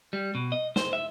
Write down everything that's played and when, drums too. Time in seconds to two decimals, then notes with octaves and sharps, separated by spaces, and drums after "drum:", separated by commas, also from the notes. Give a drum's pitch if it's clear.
0.13 G3
0.35 B2
0.52 D#5
0.76 C5, drum: snare
0.93 E5